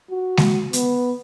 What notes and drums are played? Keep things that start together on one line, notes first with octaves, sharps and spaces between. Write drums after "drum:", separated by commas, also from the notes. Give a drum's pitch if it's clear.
F#4
drum: snare G#3
B3, drum: hi-hat